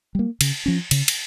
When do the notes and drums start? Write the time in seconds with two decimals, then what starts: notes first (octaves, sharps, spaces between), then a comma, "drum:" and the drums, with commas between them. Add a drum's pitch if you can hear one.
0.15 G3 A#3
0.41 C#3, drum: cymbal
0.66 F3 C#4
0.91 C#3, drum: cymbal
1.08 drum: cymbal